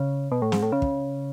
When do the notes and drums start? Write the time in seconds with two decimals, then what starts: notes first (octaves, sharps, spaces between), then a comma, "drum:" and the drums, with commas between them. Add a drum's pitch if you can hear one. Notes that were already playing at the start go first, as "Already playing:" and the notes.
Already playing: C#3
0.32 B2
0.42 A2
0.52 G#2, drum: snare
0.62 A2
0.72 C#3
0.82 drum: kick